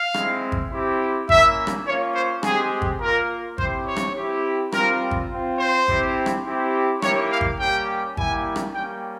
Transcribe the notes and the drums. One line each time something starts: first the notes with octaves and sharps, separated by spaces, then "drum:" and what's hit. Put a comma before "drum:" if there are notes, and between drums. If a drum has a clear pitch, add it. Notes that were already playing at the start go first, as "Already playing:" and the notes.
Already playing: F5
G#3 C4 E4, drum: rim click
drum: kick G#1
C4 E4 G4
A#3 C#4 E4 E5, drum: kick G#1
drum: rim click
A#3 C#4 F4 C#5
C5
G#3 C4 G4 G#4, drum: rim click
drum: kick G#1
A#3 F4 A#4
C4 E4 G4 C5, drum: kick G#1
C#5
drum: rim click
C4 E4 G4
G3 C4 F4 A#4, drum: rim click
drum: kick G#1
C4 F4
C5
C4 E4 G4, drum: kick G#1
drum: rim click
C4 E4 G4
A#3 E4 G4 C#5, drum: rim click
F5
drum: kick G#1
G3 A#3 C#4 G4 G5
G3 A#3 E4 G4 G#5, drum: kick G#1
drum: rim click
G3 A#3 C#4 G5